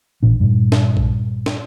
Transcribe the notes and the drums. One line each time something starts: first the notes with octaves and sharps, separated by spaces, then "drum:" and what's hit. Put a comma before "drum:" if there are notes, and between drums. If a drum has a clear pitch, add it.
A1 A#2 D4
G2 A#2
drum: snare
drum: kick A#1
drum: snare